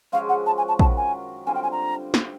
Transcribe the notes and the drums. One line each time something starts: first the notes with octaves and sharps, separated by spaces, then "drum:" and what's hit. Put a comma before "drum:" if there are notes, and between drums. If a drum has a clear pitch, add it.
F3 G#3 C#4 F#4 F5
F#5
A5
G#5
A5
F#2 D#3 F#3 A5, drum: kick
G#5
D3 G3 C4 F4 G#5
G5
G#5
A#5
drum: snare